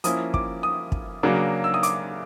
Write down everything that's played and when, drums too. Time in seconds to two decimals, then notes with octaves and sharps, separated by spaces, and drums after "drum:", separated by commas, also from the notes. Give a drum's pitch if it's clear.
0.04 F3 A#3 C#4 E4 D#6, drum: hi-hat
0.34 D6, drum: kick
0.63 D#6
0.92 drum: kick
1.23 C#3 F#3 A#3 D4
1.64 E6
1.74 D#6
1.83 D6, drum: hi-hat